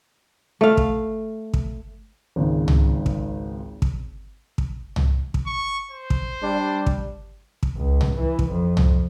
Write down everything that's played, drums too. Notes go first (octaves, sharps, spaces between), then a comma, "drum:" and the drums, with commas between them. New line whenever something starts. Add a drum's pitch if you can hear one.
A3 F5
drum: kick
drum: kick
G#1 C#2 G#2
drum: tom
drum: kick
drum: kick
drum: kick
drum: tom
drum: kick
C#6
C5
drum: kick
G3 D4
drum: kick
drum: kick
C#2
drum: tom
E3
drum: kick
F2
drum: tom